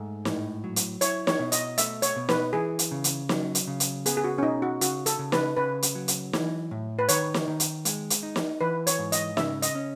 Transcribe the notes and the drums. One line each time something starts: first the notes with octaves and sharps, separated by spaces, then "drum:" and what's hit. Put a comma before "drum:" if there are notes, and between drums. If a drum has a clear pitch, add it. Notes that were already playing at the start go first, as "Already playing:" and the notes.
Already playing: G#2 A3
A2, drum: snare
F#3
drum: hi-hat
E4 C#5, drum: hi-hat
C#5, drum: snare
B2
D#5, drum: hi-hat
A3 E5, drum: hi-hat
C#5, drum: hi-hat
B2
B4, drum: snare
E3 G#4
drum: hi-hat
C#3
drum: hi-hat
F#3, drum: snare
drum: hi-hat
C#3
drum: hi-hat
B3 G#4, drum: hi-hat
G#4
F#4
C#4
B2 D#4
F#4
C#3 F#4, drum: hi-hat
A4, drum: hi-hat
C#3
B4, drum: snare
C#3 B4
drum: hi-hat
F#3
drum: hi-hat
E3, drum: snare
A2
B4
D#3 C#5, drum: hi-hat
drum: snare
D#3
drum: hi-hat
G#3, drum: hi-hat
drum: hi-hat
D#4
drum: snare
E3 B4
C#5, drum: hi-hat
G#2
D#5, drum: hi-hat
C#3 E5, drum: snare
D#5, drum: hi-hat
C#4